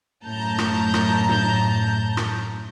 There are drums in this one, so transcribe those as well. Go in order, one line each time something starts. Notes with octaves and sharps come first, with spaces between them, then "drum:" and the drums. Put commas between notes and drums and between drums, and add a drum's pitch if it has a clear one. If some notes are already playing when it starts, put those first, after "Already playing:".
F#2 A2 A5 A#5 G6
drum: rim click
drum: rim click
drum: tom G2
drum: rim click